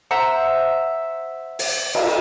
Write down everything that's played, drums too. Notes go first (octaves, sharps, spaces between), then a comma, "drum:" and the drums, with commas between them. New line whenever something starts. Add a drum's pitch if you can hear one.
C5 E5 F#5 A#5
drum: open hi-hat
drum: cymbal